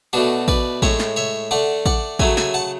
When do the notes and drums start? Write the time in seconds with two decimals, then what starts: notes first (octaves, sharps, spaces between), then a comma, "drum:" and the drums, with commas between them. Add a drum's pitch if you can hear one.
0.13 B2 A3 D4 F#4
0.48 B4 D5, drum: kick A1
0.82 A2 G#3 C#5 E5, drum: kick A1
0.99 drum: snare
1.16 C#5 E5
1.51 D3 A3 D5 F#5
1.86 D5 F#5, drum: kick A1
2.19 C#3 F#3 A3 E5 G#5, drum: kick A1
2.37 E5 G#5, drum: snare
2.54 F#5 A5